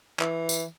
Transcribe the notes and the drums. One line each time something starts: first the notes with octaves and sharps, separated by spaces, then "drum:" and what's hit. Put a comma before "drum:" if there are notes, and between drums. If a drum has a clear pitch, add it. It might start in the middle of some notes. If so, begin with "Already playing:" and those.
E3, drum: clap
drum: tambourine